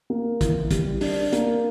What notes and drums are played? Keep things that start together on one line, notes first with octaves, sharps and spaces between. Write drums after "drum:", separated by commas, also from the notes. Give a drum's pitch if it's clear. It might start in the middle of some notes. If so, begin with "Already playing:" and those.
A#3
E3, drum: kick, hi-hat
G3, drum: kick, hi-hat
D4, drum: open hi-hat
A#3, drum: hi-hat